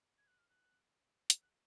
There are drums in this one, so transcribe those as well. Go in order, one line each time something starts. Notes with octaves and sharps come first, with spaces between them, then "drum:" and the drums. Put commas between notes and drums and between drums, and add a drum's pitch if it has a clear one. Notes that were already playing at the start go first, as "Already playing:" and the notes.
G#6
F#6
F6
F#6
drum: hi-hat
F#6